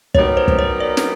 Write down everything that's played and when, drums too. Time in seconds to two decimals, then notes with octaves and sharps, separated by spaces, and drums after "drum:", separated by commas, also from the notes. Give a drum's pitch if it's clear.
0.15 F#3 B3 D#4 G4 A#4 C#5, drum: kick
0.37 C5
0.48 drum: kick
0.59 C#5
0.80 D5
0.97 drum: snare